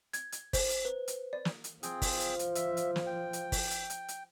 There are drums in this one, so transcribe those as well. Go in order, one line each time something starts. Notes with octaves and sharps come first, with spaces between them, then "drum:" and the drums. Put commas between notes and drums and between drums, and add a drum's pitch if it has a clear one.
G#6, drum: hi-hat
drum: hi-hat
C5, drum: kick, open hi-hat
drum: hi-hat
B4
drum: hi-hat
D5
drum: snare
drum: hi-hat
F3 C4 G#4 G5, drum: hi-hat
drum: kick, open hi-hat
drum: hi-hat
drum: hi-hat
E5, drum: hi-hat
drum: hi-hat
drum: snare
G5
drum: hi-hat
drum: kick, open hi-hat
drum: hi-hat
drum: hi-hat
drum: hi-hat